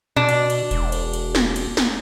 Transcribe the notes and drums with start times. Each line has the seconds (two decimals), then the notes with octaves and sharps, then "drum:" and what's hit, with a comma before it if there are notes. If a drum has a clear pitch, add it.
0.16 B2 D4
0.29 drum: cymbal
0.50 drum: cymbal
0.71 E1, drum: cymbal
0.92 drum: cymbal
1.13 drum: cymbal
1.35 drum: snare
1.56 drum: cymbal
1.77 drum: snare